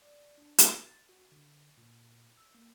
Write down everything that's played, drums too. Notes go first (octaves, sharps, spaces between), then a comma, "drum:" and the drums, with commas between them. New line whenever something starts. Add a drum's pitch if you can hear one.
D5
D4
E4, drum: hi-hat
A6
F#4
D3
A#2
E6
A#3